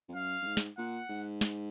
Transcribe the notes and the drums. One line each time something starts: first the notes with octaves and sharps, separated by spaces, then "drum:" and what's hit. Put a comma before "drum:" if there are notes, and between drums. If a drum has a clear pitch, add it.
F2
F#2 F5
F#2
G#2
drum: snare
A#2 F#5
G#2
drum: snare